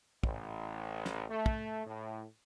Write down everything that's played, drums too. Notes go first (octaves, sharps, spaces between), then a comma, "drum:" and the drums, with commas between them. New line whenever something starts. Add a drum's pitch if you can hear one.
A1, drum: kick
drum: snare
A3
drum: kick
A2